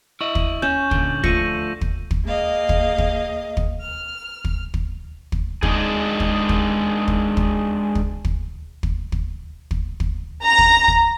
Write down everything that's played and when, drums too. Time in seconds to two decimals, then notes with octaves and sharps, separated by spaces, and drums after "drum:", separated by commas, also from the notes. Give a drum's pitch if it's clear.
0.21 E4 D#5 E5 C#6 F#7
0.35 drum: kick
0.62 C#4 G6 E7
0.91 A#2 D3, drum: kick
1.24 D3 F3 A3 C#6 A#6 D#7, drum: kick
1.81 drum: kick
2.11 drum: kick
2.26 A#3 G#4 D#5 F5
2.69 drum: kick
2.98 drum: kick
3.57 drum: kick
3.82 F6
4.44 drum: kick
4.74 drum: kick
5.32 drum: kick
5.63 G#3 D4 D#4 G#4, drum: kick
6.20 drum: kick
6.49 drum: kick
7.08 drum: kick
7.37 drum: kick
7.95 drum: kick
8.25 drum: kick
8.83 drum: kick
9.12 drum: kick
9.71 drum: kick
10.00 drum: kick
10.43 A#5
10.58 drum: kick
10.88 drum: kick